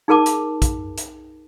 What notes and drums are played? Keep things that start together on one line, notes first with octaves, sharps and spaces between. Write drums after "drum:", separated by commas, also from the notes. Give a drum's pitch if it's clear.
D#4 G#4 A#4 A5 D6
drum: hi-hat
drum: kick, hi-hat
drum: hi-hat